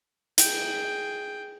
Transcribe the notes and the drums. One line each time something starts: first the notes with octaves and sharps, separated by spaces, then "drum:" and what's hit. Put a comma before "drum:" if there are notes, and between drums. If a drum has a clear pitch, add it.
G#4 G5, drum: hi-hat